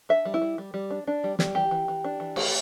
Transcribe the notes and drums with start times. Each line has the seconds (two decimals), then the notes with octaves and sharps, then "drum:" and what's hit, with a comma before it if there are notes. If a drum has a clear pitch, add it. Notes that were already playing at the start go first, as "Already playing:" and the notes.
0.09 D4 E5
0.25 G3
0.34 E4
0.42 G3
0.58 G3
0.74 G3
0.91 D4
1.07 D4
1.24 G3
1.39 G3, drum: snare
1.55 E3 G4
1.71 E3
1.88 E3
2.05 D4
2.20 E3
2.36 A3, drum: cymbal